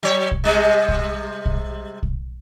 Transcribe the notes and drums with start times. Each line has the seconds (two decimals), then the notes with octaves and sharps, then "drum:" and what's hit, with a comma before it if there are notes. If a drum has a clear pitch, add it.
0.03 F#3 C#5
0.31 drum: kick
0.44 C3 G3 G#3
0.89 drum: kick
1.46 drum: kick
2.03 drum: kick